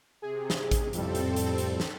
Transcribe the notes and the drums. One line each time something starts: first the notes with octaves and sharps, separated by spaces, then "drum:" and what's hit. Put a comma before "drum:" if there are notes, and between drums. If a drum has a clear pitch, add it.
C3 G#4
drum: snare
drum: kick A1, hi-hat
F2 A2 G3 C4 A4, drum: hi-hat
drum: hi-hat
drum: hi-hat
drum: hi-hat
drum: snare